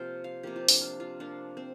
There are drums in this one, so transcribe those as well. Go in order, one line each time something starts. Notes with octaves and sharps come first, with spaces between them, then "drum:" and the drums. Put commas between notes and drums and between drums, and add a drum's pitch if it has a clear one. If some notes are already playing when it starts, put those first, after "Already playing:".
Already playing: C3 F3 A#3 F4 C5 G5
F5
C3 F3 A#3 G4
F4
D4, drum: open hi-hat
F4
F4
C3 F3 A#3 D4
C4